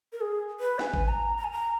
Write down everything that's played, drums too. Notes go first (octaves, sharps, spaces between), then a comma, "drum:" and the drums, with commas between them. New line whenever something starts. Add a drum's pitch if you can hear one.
A#4
G#4
B4
G#5, drum: snare
drum: kick G#1
A#5
A#5
G#5
A#5